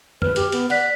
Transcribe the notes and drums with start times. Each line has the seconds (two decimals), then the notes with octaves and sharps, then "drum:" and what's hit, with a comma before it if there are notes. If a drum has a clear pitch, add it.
0.22 B4 F6, drum: tom F#2
0.36 G4, drum: hi-hat
0.52 B3, drum: hi-hat
0.70 D5 F#5 F#6 B6, drum: open hi-hat